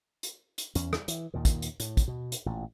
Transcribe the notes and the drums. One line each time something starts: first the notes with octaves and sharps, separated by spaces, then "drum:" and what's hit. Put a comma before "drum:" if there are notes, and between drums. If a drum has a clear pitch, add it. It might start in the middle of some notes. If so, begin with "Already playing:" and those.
drum: hi-hat
drum: hi-hat
E2 C#4, drum: hi-hat
drum: rim click
E3, drum: hi-hat
D#2 A#2 D#3
drum: kick, hi-hat
drum: hi-hat
A2, drum: hi-hat
drum: kick, hi-hat
B2
drum: hi-hat
A1 A#2